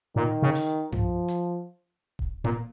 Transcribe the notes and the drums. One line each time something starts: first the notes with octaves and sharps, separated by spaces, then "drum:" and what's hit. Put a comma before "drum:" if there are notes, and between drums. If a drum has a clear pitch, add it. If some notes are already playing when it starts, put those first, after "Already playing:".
A#2 D#3
C#3
drum: open hi-hat
F3, drum: tom G2
drum: hi-hat
drum: kick D#1
A#2, drum: tom A#3